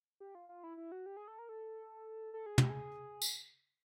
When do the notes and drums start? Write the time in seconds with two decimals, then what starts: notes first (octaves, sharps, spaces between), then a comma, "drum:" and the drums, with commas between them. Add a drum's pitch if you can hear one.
0.20 G4
0.35 F4
0.49 F4
0.64 E4
0.77 E4
0.92 F#4
1.06 G4
1.17 G#4
1.28 A4
1.39 A#4
1.49 A4
2.34 A4
2.46 G#4
2.58 G4, drum: tom
2.70 G#4
3.22 drum: tambourine